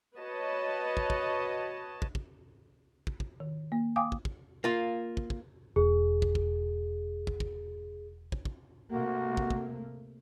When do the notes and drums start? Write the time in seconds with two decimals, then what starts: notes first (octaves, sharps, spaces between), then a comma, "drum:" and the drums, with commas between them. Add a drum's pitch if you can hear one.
0.18 F#4 B4 C#5 D#5 A5
0.97 drum: kick
1.10 drum: kick
2.02 drum: kick
2.15 drum: kick
3.07 drum: kick
3.20 drum: kick
3.40 D#3
3.72 A#3
3.96 F5 G5 G#5 D6 D#6
4.12 drum: kick
4.25 drum: kick
4.64 A#3 F4
5.17 drum: kick
5.30 drum: kick
5.76 E1 G#4
6.22 drum: kick
6.35 drum: kick
7.27 drum: kick
7.40 drum: kick
8.32 drum: kick
8.45 drum: kick
8.92 C3 A3 A#3 F#4
9.37 drum: kick
9.50 drum: kick